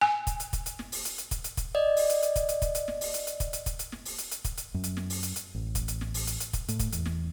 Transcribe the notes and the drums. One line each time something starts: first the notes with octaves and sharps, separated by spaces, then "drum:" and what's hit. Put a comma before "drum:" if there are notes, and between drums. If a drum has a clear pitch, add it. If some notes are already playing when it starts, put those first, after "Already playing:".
G#5
drum: kick, hi-hat
drum: hi-hat
drum: kick, hi-hat
drum: hi-hat
drum: snare
drum: open hi-hat
drum: hi-hat
drum: hi-hat
drum: kick, hi-hat
drum: hi-hat
drum: kick, hi-hat
D5 D#5
drum: open hi-hat
drum: hi-hat
drum: hi-hat
drum: kick, hi-hat
drum: hi-hat
drum: kick, hi-hat
drum: hi-hat
drum: snare
drum: open hi-hat
drum: hi-hat
drum: hi-hat
drum: kick, hi-hat
drum: hi-hat
drum: kick, hi-hat
drum: hi-hat
drum: snare
drum: open hi-hat
drum: hi-hat
drum: hi-hat
drum: kick, hi-hat
drum: hi-hat
F#2
drum: hi-hat
drum: snare
drum: open hi-hat
drum: hi-hat
drum: hi-hat
A1
drum: kick, hi-hat
drum: hi-hat
drum: snare
drum: open hi-hat
drum: hi-hat
drum: hi-hat
drum: kick, hi-hat
A2, drum: hi-hat
drum: kick, hi-hat
E2, drum: hi-hat
drum: snare